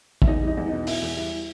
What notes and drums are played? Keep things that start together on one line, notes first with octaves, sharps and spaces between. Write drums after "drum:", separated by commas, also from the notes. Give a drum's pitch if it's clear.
E5, drum: kick
E2 D#4 D#5
G3
D#4 D#5
E2
B2 D#4 D#5
B2 E4 E5, drum: open hi-hat
E2
G3 E4 E5